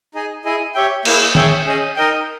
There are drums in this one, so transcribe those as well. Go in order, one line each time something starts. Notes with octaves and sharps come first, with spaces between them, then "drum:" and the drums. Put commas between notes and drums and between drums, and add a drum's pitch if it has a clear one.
D#4 G#4 D#5 G#5
E4 G#4 D#5 G#5
G4 C#5 E5 G5
A#3 E4 G#4, drum: cymbal
G#4 C#5 E5 G5, drum: tom D#3
C#4 G#4 D#5
D#4 A#4 D#5 G5